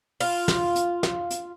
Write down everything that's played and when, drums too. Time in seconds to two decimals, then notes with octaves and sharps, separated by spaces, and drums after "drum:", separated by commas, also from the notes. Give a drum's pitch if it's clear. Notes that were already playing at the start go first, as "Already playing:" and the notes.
0.20 F4, drum: open hi-hat
0.48 drum: snare
0.76 drum: hi-hat
1.03 drum: snare
1.31 drum: hi-hat